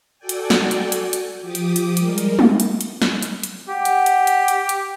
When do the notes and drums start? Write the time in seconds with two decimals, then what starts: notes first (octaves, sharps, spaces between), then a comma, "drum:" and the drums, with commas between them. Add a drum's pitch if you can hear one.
0.18 F#4 A4 D5 G5 G#5
0.29 drum: hi-hat
0.50 drum: snare
0.71 drum: hi-hat
0.92 drum: hi-hat
1.13 drum: hi-hat
1.41 F3 G4 D6 D#6
1.55 drum: hi-hat
1.76 drum: hi-hat
1.97 G3 G#3 A#4, drum: hi-hat
2.18 drum: hi-hat
2.39 drum: tom G#3
2.60 drum: hi-hat
2.81 drum: hi-hat
3.02 drum: snare
3.22 drum: hi-hat
3.43 drum: hi-hat
3.69 G4 F#5
3.85 drum: hi-hat
4.06 drum: hi-hat
4.27 drum: hi-hat
4.48 drum: hi-hat
4.69 drum: hi-hat